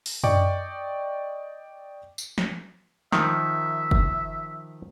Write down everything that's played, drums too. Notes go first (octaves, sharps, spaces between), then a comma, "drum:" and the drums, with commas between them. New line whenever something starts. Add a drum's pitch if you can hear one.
drum: open hi-hat
D5 D#5 G5 C#6 D6, drum: tom F#2
drum: tambourine
drum: snare
D#3 F3 E5, drum: snare
drum: kick